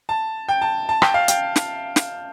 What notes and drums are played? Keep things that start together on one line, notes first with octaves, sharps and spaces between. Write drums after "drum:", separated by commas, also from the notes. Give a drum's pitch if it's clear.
A5
G5
A5
A5
G5, drum: rim click
F5
G5, drum: hi-hat
drum: snare
drum: snare